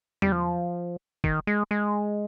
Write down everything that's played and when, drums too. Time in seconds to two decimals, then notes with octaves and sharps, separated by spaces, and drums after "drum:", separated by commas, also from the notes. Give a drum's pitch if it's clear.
0.22 G3, drum: tom
0.32 F3
1.24 D#3, drum: kick
1.47 G#3
1.71 G#3